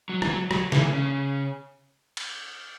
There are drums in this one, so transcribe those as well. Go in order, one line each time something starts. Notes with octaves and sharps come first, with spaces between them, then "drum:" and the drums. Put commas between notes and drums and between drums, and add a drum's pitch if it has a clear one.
F#3
E3, drum: rim click
F#3
F#3, drum: rim click
E3, drum: snare
C#3
drum: cymbal